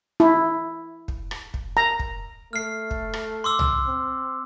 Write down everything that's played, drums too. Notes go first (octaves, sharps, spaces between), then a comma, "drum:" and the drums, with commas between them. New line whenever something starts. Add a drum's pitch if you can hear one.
E4
drum: kick
drum: rim click
drum: kick
A#5
drum: kick
A3 F6 C7
drum: kick
drum: rim click
C6 D6 E6
drum: tom C2
C4